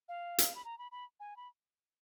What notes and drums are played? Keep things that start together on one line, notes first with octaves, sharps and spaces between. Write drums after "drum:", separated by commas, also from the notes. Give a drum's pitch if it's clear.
F5
drum: hi-hat
B5
A#5
B5
B5
G#5
B5